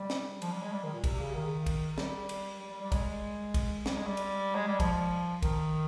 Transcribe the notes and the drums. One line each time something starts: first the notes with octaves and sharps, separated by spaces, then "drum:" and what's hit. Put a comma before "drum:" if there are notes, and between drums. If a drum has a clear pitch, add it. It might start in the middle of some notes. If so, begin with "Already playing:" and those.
Already playing: G3
drum: snare
F3, drum: cymbal
G3
G#3
G3
D#3
A#2
C3, drum: kick, cymbal
C#3
D#3
drum: kick, cymbal
G3, drum: snare
drum: cymbal
G3
G3
G3
G#3, drum: kick, cymbal
drum: kick, cymbal
G3, drum: snare
G#3
G3
drum: cymbal
G#3
G3
F3, drum: kick, cymbal
D#3, drum: kick, cymbal